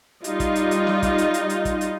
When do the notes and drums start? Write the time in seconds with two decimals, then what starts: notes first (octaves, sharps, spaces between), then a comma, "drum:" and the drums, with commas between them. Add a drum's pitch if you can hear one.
0.24 G3 D#4 F4 D#5, drum: hi-hat
0.40 drum: kick, hi-hat
0.55 drum: hi-hat
0.71 drum: hi-hat
0.87 drum: snare
1.02 drum: kick, hi-hat
1.18 drum: hi-hat
1.34 drum: hi-hat
1.50 drum: hi-hat
1.65 drum: kick, hi-hat
1.81 drum: hi-hat